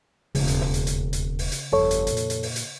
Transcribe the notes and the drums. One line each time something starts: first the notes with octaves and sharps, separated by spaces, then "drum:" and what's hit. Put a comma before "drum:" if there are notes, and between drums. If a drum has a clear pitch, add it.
E1 D#2 C#3, drum: open hi-hat
drum: hi-hat
drum: snare
drum: hi-hat
drum: hi-hat
drum: hi-hat
drum: open hi-hat
drum: hi-hat
G1 F2 A4 C#5
drum: hi-hat
A#2 D#3, drum: hi-hat
drum: hi-hat
drum: hi-hat
drum: open hi-hat
drum: hi-hat